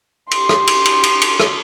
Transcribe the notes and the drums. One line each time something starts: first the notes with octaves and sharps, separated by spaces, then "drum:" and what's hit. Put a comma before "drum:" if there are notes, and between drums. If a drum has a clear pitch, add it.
G4 C6, drum: cymbal
drum: rim click
drum: cymbal
drum: cymbal
drum: cymbal
drum: cymbal
drum: rim click